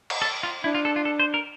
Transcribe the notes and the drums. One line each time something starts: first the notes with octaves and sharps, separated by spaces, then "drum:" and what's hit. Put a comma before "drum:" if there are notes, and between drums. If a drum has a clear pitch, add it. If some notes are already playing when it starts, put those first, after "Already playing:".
drum: cymbal
A4
F4
D4 E4
F4
A4
F4
A4
C5
A#4